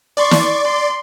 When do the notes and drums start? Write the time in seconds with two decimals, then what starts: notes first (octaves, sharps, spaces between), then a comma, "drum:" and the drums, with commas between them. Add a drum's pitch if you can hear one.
0.17 D5 C6 C#6
0.31 drum: snare
0.65 C6